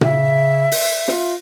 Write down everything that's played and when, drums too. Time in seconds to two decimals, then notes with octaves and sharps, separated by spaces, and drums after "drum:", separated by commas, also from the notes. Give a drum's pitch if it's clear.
0.01 C#3 E5, drum: tom A#2
0.71 drum: open hi-hat
1.08 F4, drum: snare